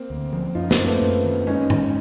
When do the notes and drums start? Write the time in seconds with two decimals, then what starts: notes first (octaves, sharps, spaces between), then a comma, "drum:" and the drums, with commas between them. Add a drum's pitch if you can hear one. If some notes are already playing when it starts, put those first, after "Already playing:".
Already playing: A#3 C4
0.10 D2
0.33 F3
0.55 F#2 D#4 F4
0.71 A#3 C4, drum: snare
0.79 F#2
0.86 A3 B3
1.01 F#2
1.24 D#3
1.47 G#3 C#4 D#4
1.70 D#3, drum: tom G#2